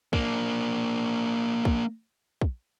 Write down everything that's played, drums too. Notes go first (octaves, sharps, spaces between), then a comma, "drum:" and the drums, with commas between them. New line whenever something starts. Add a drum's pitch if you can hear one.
A#3 D4, drum: kick
drum: kick
drum: kick